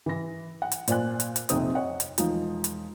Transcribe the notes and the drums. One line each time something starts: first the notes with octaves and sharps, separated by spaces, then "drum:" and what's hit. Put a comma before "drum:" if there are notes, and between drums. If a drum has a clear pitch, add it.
E3 A#6
F#5
drum: hi-hat
A#2 C5 D5 G#5 F#6, drum: hi-hat
drum: hi-hat
drum: hi-hat
A#1 F2 C3 C4 D#4 D#6, drum: hi-hat
C#5 D#5 F#5
drum: hi-hat
E1 F3 D#4, drum: hi-hat
drum: hi-hat